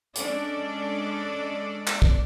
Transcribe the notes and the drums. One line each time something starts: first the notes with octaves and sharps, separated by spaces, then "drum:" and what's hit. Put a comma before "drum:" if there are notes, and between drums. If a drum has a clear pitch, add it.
G#3 C#4 D4 A4 D5, drum: hi-hat
drum: clap
drum: kick